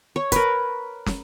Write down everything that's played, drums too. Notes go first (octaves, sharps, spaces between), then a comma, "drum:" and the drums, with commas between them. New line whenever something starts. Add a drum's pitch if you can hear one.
C#5
A#4 B4, drum: kick, hi-hat
drum: snare